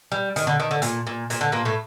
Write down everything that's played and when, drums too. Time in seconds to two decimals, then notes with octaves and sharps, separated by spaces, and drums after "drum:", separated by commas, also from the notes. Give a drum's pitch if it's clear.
0.12 G3
0.36 D#3, drum: hi-hat
0.47 D3
0.60 D#3
0.71 D3
0.82 A#2, drum: hi-hat
1.07 A#2
1.30 A#2, drum: hi-hat
1.41 D3
1.52 A#2 A#3
1.65 A2 A3